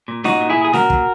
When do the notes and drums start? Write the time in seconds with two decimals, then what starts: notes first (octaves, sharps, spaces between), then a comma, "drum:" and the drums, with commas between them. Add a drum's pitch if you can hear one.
0.08 A#2
0.24 A#2 D#4 F#4, drum: snare C#4
0.41 A#2
0.50 E4 G#4
0.57 A#2
0.65 G#4
0.73 A#2 F#4 A#4, drum: snare C#4
0.90 A#2, drum: kick